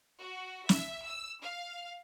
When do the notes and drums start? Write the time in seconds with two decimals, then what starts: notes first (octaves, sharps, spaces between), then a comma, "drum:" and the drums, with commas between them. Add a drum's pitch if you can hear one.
0.20 F#4
0.69 E5, drum: snare
1.06 E6
1.42 F5